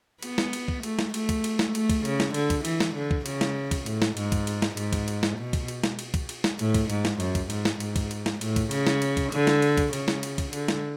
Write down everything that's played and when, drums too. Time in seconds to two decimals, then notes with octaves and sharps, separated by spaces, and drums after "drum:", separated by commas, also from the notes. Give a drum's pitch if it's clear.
0.23 B3, drum: cymbal
0.38 drum: snare
0.53 drum: cymbal
0.68 drum: kick
0.83 A3, drum: cymbal
0.99 drum: snare
1.14 A3, drum: cymbal
1.29 drum: kick, cymbal
1.44 drum: cymbal
1.59 drum: snare
1.75 A3, drum: cymbal
1.90 drum: kick, cymbal
2.05 C#3, drum: cymbal
2.20 drum: snare
2.34 D3, drum: cymbal
2.50 drum: kick, cymbal
2.65 E3, drum: cymbal
2.80 drum: snare
2.95 D3
3.11 drum: kick
3.26 C#3, drum: cymbal
3.41 drum: snare
3.71 drum: kick, cymbal
3.86 A2, drum: cymbal
4.02 drum: snare
4.17 G#2, drum: cymbal
4.32 drum: kick, cymbal
4.47 drum: cymbal
4.62 drum: snare
4.77 G#2, drum: cymbal
4.93 drum: kick, cymbal
5.08 drum: cymbal
5.23 drum: snare
5.38 B2
5.53 drum: kick, cymbal
5.68 drum: cymbal
5.84 drum: snare
5.99 drum: cymbal
6.14 drum: kick, cymbal
6.29 drum: cymbal
6.44 drum: snare
6.59 A2, drum: cymbal
6.74 drum: kick, cymbal
6.90 G#2, drum: cymbal
7.05 drum: snare
7.20 F#2, drum: cymbal
7.35 drum: kick, cymbal
7.50 G#2, drum: cymbal
7.65 drum: snare
7.80 G#2, drum: cymbal
7.96 drum: kick, cymbal
8.11 drum: cymbal
8.26 drum: snare
8.41 A2, drum: cymbal
8.56 drum: kick, cymbal
8.71 C#3, drum: cymbal
8.87 drum: snare
9.02 drum: cymbal
9.17 drum: kick, cymbal
9.32 D3, drum: cymbal
9.47 drum: snare
9.62 drum: cymbal
9.78 drum: kick, cymbal
9.93 C#3, drum: cymbal
10.08 drum: snare
10.23 drum: cymbal
10.38 drum: kick, cymbal
10.53 D3, drum: cymbal
10.68 drum: snare